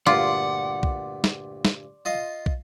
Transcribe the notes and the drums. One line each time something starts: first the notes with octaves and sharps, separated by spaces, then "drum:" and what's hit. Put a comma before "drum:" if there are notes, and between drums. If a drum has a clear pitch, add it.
D2 G2 A#2 F4 D5 F#5 C6 D6
drum: kick
drum: snare
drum: snare
F4 D#5 F5
drum: kick